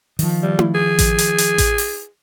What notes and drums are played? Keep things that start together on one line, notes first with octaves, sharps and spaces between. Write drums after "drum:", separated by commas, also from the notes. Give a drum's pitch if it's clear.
D#3 F3, drum: open hi-hat
G3
drum: tom E4
G#4
drum: kick A1, hi-hat
drum: hi-hat
drum: hi-hat
drum: kick A1, hi-hat
drum: open hi-hat